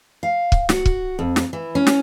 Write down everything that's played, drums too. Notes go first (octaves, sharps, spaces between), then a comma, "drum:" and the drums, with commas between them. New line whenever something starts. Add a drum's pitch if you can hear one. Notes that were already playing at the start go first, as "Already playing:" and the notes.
F5
drum: kick
F#4, drum: snare
drum: kick
F2
drum: snare
E3
C#4
drum: snare